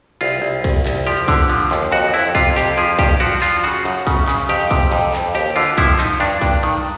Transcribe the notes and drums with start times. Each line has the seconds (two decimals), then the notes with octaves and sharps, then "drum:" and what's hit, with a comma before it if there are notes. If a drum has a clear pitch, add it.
0.21 C2 F4, drum: cymbal
0.42 C2
0.64 C2, drum: kick B1, cymbal
0.86 C2, drum: clap
1.07 F3 G4, drum: cymbal
1.28 D3, drum: kick B1, cymbal
1.49 F3, drum: cymbal
1.71 D#2, drum: clap
1.92 F2 F#4, drum: cymbal
2.14 F2 E4, drum: cymbal
2.35 C3 F4, drum: kick B1, cymbal
2.56 F2 G4, drum: clap
2.78 F3 G#4, drum: cymbal
2.99 G2 G4, drum: kick B1, cymbal
3.20 F3 F#4, drum: cymbal
3.42 F3 F4, drum: clap
3.64 C#3 F#4, drum: cymbal
3.85 F#2, drum: cymbal
4.07 C#3, drum: kick B1, cymbal
4.28 C#3, drum: clap
4.49 F2 G4, drum: cymbal
4.71 C3, drum: kick B1, cymbal
4.92 F2, drum: cymbal
5.13 F2, drum: clap
5.35 D#2 G4, drum: cymbal
5.56 D3 F4, drum: cymbal
5.77 F3 E4, drum: kick B1, cymbal
5.99 F3 D#4, drum: clap
6.20 G2 D4, drum: cymbal
6.42 G2, drum: kick B1, cymbal
6.63 D#3, drum: cymbal